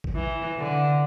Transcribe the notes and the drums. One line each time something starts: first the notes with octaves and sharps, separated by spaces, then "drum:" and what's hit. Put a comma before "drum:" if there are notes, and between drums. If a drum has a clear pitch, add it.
drum: kick A1
E3
D3